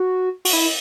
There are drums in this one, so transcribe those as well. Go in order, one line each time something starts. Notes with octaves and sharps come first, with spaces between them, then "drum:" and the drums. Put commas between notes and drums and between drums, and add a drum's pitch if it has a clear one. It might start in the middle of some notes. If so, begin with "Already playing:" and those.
Already playing: F#4
F#4, drum: open hi-hat
E4